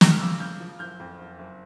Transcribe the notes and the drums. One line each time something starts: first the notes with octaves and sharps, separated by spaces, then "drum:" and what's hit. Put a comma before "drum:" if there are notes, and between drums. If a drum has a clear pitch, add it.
F2 E6, drum: snare
F6
C#3 D6 E6
C#3 F6 G6
F3
F#1 F6 G6
F2
F#1
F#1